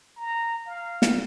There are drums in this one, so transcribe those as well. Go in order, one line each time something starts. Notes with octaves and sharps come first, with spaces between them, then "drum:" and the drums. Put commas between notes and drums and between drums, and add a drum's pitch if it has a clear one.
A#5
F5
drum: snare